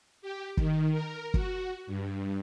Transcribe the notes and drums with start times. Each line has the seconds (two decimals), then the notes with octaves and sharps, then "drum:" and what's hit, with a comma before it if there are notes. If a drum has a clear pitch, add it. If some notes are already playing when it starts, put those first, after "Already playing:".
0.22 G4
0.57 D#3, drum: kick
0.91 A#4
1.34 F#4, drum: kick
1.87 G2